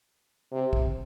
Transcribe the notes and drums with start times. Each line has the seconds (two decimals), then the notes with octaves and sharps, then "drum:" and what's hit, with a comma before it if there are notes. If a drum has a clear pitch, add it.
0.52 C3
0.73 drum: kick